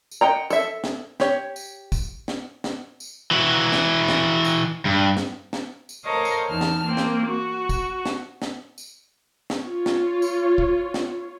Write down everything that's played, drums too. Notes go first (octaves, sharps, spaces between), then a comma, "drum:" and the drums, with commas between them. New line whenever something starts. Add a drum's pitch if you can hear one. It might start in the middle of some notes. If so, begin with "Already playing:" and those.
drum: tambourine
D#5 F#5 G5 A#5
A4 E5, drum: tambourine
drum: snare
G4 C#5, drum: snare
drum: tambourine
drum: kick, tambourine
drum: snare
drum: snare
drum: tambourine
E3 F#4
drum: snare
drum: snare
drum: tambourine
G2
drum: snare
drum: snare
drum: tambourine
A4 A#4 C5 C#5 D#5 F5
drum: tambourine
E2 D#4 A5 F6
drum: snare
A#3 C4
drum: snare
F#4
drum: kick, tambourine
drum: snare
drum: snare
drum: tambourine
drum: snare
F4 C#5
drum: snare
drum: tambourine
drum: kick
drum: snare